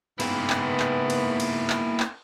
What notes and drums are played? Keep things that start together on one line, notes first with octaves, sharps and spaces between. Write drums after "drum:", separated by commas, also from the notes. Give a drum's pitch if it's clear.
G#2 A#3 B3 E4, drum: cymbal
drum: clap
drum: clap
drum: cymbal
drum: cymbal
drum: clap
drum: clap